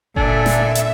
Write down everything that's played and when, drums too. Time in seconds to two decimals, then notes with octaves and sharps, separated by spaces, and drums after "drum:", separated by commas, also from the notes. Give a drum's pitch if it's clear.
0.16 A#2 D3 D4 A4 E5 G#5, drum: kick F#1
0.46 drum: snare
0.75 drum: hi-hat